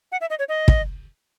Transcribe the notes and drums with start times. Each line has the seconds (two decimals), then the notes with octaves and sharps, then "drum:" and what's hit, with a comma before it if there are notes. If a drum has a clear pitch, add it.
0.12 F#5
0.21 E5
0.30 D#5
0.39 C#5
0.49 D#5
0.68 drum: kick